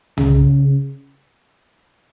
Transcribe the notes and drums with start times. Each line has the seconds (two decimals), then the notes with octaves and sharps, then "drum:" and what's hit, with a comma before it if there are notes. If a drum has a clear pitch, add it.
0.17 C#3, drum: tom